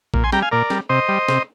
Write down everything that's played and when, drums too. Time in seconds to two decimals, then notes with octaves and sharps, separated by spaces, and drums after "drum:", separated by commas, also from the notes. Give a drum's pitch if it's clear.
0.14 A#2, drum: kick A#1
0.24 G#5 C6
0.32 G3 G5 A#5, drum: snare
0.42 F5 G#5
0.52 A#2 A#4 D5
0.70 G3, drum: snare
0.89 C3 C5 D#5
1.09 G3
1.28 C3, drum: snare